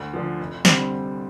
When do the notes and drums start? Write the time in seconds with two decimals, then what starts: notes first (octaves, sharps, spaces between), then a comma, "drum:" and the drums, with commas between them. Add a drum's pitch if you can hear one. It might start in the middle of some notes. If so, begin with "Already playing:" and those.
Already playing: D2
0.13 D3 F3
0.40 F1
0.65 D3 G3 C4, drum: snare